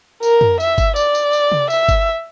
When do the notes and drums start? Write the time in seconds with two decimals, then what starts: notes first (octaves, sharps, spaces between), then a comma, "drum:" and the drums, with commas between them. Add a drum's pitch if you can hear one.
0.23 A#4, drum: tambourine
0.41 drum: tom
0.60 E5, drum: tambourine
0.78 drum: kick G1, tambourine
0.96 D5, drum: tambourine
1.15 drum: tambourine
1.33 drum: tambourine
1.52 drum: tom C3
1.70 E5, drum: tambourine
1.89 drum: kick G1, tambourine